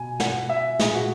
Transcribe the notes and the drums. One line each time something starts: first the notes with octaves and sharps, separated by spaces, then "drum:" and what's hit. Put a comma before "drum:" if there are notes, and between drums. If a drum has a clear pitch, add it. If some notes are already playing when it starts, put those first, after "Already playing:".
Already playing: B2 G#5
F#5, drum: snare
E5
A#2 G#4, drum: snare
F#4